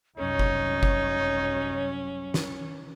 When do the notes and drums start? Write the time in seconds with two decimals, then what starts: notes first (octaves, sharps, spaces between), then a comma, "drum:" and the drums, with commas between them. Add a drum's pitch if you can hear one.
0.18 C2 F#2 F#3 C#4 D#4 C#5
0.39 drum: kick F#1
0.83 drum: kick F#1
2.34 drum: snare